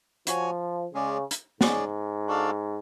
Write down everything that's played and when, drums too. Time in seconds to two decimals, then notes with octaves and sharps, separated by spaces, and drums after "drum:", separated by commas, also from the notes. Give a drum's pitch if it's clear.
0.27 F3 F#4 C#5 G#5, drum: hi-hat
0.94 C#3 G#3 C#4 G#4 D5
1.31 drum: hi-hat
1.61 G#2 G#3 C#4 G#4 D5, drum: snare
2.27 D4 F#4 A4 D5 F5